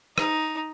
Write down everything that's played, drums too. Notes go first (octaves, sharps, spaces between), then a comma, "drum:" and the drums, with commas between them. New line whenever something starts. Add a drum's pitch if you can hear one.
D#4, drum: rim click